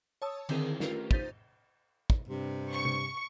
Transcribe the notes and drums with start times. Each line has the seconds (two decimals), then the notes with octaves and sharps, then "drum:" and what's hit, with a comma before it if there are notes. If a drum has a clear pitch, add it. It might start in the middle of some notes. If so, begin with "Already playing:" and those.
0.22 C#5 A5 D#6 E6
0.49 D3 D#3 C4 E4 G#4 A#4, drum: cymbal
0.80 A3 C#4 F4 G4 A#4 B4, drum: snare
1.11 D#4 C5 G6 A6 B6 F7, drum: kick
2.10 drum: kick
2.28 G2 C3
2.72 C#6
2.85 drum: tom C3